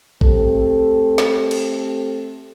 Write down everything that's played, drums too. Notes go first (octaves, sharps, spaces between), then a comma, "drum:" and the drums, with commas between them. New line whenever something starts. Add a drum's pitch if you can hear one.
A3 C4 G4 A4, drum: kick A1
drum: snare
drum: cymbal